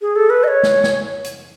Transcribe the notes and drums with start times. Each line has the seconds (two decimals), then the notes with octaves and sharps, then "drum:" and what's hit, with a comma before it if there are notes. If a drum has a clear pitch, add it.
0.02 G#4
0.16 A4
0.30 B4
0.44 D#5
0.48 C#5
0.63 drum: snare
0.84 drum: snare
1.24 drum: hi-hat